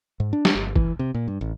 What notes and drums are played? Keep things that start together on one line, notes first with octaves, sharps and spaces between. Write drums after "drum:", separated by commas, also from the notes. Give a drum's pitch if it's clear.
G#2
D4
drum: snare
G1
E3, drum: kick G1
C3
A#2
G2
A1